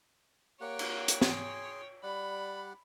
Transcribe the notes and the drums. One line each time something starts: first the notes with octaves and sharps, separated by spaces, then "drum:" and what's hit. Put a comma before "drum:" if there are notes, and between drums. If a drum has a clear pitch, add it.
A#3 G4 C#5 F#5 G5
drum: cymbal
drum: hi-hat
G#4 G#5 C6, drum: snare
G3 D5 F#5 B5